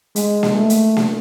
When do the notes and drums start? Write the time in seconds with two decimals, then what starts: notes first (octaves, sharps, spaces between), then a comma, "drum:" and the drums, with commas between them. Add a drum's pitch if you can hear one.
0.16 G#3, drum: hi-hat
0.43 drum: snare A#3
0.56 A3
0.70 drum: hi-hat
0.97 drum: snare A#3